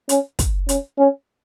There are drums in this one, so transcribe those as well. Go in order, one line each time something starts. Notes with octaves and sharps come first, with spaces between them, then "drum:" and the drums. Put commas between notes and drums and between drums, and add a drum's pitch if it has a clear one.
C#4, drum: hi-hat
drum: kick, hi-hat
C#4, drum: hi-hat
C#4